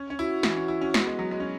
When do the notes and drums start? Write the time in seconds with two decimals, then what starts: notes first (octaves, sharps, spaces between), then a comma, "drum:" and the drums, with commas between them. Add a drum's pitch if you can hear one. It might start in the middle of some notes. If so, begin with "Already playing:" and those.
Already playing: C#4
0.10 C#4
0.19 E4 F#4
0.43 E3, drum: snare
0.57 C#4
0.68 E4
0.81 C#4
0.94 B3, drum: snare
1.07 G#3
1.19 F#3
1.31 G#3
1.40 C#4